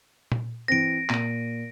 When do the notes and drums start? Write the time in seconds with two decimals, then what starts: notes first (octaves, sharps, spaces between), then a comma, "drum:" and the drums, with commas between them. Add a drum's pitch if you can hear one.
0.32 drum: tom A#2
0.68 E3 C4 A#6 D7
1.10 A#2 D#7, drum: clap